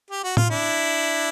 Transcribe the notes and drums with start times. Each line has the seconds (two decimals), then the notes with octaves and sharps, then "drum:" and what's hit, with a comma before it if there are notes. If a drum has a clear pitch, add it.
0.10 G4
0.24 F#4
0.37 F4, drum: tom A2
0.50 D4 E4